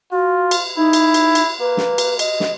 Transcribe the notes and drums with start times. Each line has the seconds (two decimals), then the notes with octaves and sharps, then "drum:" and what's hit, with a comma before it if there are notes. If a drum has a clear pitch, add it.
0.12 F4 F#4
0.51 drum: cymbal
0.77 D#4 E4
0.93 drum: cymbal
1.14 drum: cymbal
1.35 drum: cymbal
1.60 A#3 B4
1.77 drum: snare
1.98 drum: cymbal
2.19 D#5, drum: cymbal
2.40 drum: snare